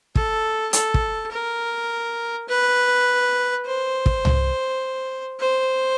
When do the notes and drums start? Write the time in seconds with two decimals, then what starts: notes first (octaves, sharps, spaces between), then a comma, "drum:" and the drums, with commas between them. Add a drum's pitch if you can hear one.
0.15 A4, drum: kick
0.73 A4, drum: hi-hat
0.94 drum: kick
1.32 A#4
2.48 B4
3.66 C5
4.06 drum: kick
4.25 drum: tom
5.40 C5